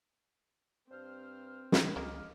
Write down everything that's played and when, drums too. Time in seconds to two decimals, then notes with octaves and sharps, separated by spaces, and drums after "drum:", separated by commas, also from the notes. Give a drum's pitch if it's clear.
0.91 G2 C4 C5 F6
1.72 drum: snare
1.96 C#2 G#3 A#3 D#5 D6 F6